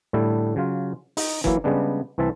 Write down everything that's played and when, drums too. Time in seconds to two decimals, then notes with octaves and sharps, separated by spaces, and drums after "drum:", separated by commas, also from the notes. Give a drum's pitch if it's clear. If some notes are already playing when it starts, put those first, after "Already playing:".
0.13 A2 D3 G3 A3 E4 A4
0.56 C#3 F#3 F4
1.17 D#4, drum: open hi-hat
1.44 E3 F#3 A#3 E4, drum: kick F#1
1.64 C#3 G3 G#3 B3 D4
2.18 C2 E3 C4 E5 A5